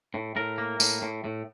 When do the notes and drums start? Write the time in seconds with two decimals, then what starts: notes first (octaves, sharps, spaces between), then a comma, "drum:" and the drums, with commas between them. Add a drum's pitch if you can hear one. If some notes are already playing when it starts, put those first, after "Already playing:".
0.14 A2
0.36 A2 A#4
0.58 A#3
0.80 A2, drum: tambourine
1.02 A2
1.24 A2